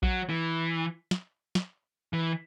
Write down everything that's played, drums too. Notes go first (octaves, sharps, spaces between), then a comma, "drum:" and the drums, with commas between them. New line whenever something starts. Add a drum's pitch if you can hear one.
F#3, drum: kick A#1
E3
drum: snare
drum: snare
E3